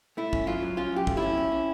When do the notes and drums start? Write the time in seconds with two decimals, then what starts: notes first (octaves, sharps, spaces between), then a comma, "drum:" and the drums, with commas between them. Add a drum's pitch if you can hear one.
0.17 A3 E4
0.33 C#4, drum: kick
0.47 F#3 F4
0.63 F#3
0.77 C#4 F4
0.92 F#3 G4
1.07 A3, drum: kick
1.17 C#4 E4
1.37 C#4
1.52 C#4